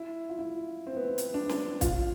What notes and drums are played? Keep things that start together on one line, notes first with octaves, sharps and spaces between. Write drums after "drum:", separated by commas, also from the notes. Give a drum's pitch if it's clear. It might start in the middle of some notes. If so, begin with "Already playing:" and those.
Already playing: E4
F4
E4
C4
B3
C4
drum: hi-hat
D4
drum: snare
F4, drum: kick, hi-hat